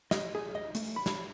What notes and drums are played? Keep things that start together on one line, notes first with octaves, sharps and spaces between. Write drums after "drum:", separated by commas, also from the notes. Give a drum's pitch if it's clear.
D#5, drum: snare
G#4
D#5
A3, drum: hi-hat
B5
drum: snare